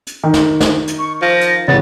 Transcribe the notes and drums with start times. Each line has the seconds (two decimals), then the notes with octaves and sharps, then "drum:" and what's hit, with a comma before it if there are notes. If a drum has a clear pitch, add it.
0.07 drum: hi-hat
0.24 D#3
0.34 drum: snare
0.60 drum: snare
0.87 drum: hi-hat
0.99 C#6
1.22 F3 A#6
1.41 drum: hi-hat
1.68 A1 C#3 B3 A6